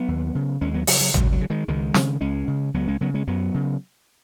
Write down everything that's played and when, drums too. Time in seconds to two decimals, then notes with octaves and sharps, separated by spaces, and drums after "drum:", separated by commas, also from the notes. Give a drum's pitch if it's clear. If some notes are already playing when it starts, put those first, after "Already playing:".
Already playing: F#3 B3
0.08 D#2
0.35 C#3
0.61 D#2 G#3 C#4
0.74 F#3 B3
0.87 C#3 F#3, drum: open hi-hat
1.01 F#3
1.14 C#2 F#3, drum: tom G#1
1.32 F#3
1.41 C#3
1.50 D#3 G#3
1.68 C#2 D#3 G#3
1.94 C#3, drum: snare
2.21 C#2 G#3 C#4
2.48 C#3
2.74 C#2 F#3 B3
2.88 G#3 C#4
3.01 C#3 F#3 B3
3.14 G#3 C#4
3.27 F#2 F#3 B3
3.54 C#3